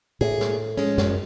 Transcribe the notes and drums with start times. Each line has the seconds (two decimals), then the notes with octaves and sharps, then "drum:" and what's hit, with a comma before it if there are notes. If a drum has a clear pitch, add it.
0.21 A2 A#3 G#4
0.41 drum: snare
0.77 F3 G#3 C#4
0.98 F#2, drum: snare